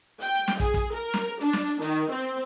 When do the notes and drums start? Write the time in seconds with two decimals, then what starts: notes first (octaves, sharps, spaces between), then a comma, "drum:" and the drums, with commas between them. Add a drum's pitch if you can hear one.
0.21 G5, drum: hi-hat
0.34 drum: hi-hat
0.48 drum: snare
0.60 G#4, drum: kick, hi-hat
0.74 drum: kick, hi-hat
0.93 A#4
1.14 drum: snare
1.41 D4, drum: hi-hat
1.53 drum: snare
1.67 drum: hi-hat
1.82 D#3, drum: hi-hat
1.93 drum: hi-hat
2.11 C4